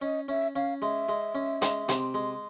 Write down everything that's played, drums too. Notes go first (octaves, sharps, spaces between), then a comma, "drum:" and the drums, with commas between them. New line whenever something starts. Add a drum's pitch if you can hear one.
C#4 D#5
C#4 E5
C#4 F5
G#3 E5
G#3
C#4
G#3, drum: hi-hat
C3, drum: hi-hat
G#3